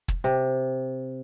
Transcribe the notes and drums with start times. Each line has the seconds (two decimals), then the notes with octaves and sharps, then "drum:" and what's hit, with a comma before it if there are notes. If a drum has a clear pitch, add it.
0.08 drum: kick
0.24 C3